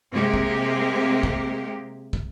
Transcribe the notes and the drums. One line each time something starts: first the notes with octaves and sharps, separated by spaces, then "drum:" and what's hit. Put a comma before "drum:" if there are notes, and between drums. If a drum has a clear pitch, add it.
C3 G#3 A#3 G4
drum: kick
drum: kick
drum: kick